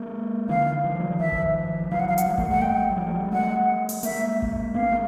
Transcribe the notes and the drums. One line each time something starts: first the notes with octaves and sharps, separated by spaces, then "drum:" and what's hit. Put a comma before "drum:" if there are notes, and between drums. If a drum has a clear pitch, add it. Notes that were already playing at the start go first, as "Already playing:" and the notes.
Already playing: G#3 A#3
D3 E3 F5
D#3 F3
G3
F#3
D#3 F3 E5
drum: kick G#1
F3
E3 F#3 F5
F#5
F5
F#5, drum: hi-hat
F3 G3
G#3 A#3, drum: kick G#1
G3 A3 F#5
G5
F#3
F3 G3
A3
F#3 G#3
G#3
G3 A3 F#5
drum: open hi-hat
G#3 A#3 E5, drum: hi-hat
drum: kick G#1
A3 B3 F5
G#3 A#3